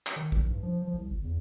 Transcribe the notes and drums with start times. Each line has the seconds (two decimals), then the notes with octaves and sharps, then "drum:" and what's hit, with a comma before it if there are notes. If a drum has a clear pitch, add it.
0.07 drum: clap
0.16 D#3
0.32 A#1, drum: kick
0.50 G2
0.63 F3
0.82 F3
0.94 C2
1.09 G1
1.24 E2